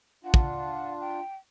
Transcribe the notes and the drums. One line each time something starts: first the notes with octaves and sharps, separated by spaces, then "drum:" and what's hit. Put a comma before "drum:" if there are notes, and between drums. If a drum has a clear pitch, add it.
D4 F4 F#5
drum: kick
G5